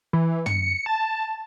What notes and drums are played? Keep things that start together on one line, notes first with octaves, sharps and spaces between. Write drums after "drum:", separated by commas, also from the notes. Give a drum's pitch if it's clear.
E3
C#7, drum: tom
A5